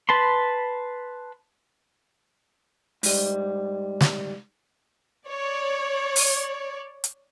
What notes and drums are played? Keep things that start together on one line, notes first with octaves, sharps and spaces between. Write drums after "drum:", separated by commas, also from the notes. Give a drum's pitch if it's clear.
B4 A5 B5 C6
G#2 G3, drum: open hi-hat
drum: snare
C#5 D5
drum: open hi-hat
drum: hi-hat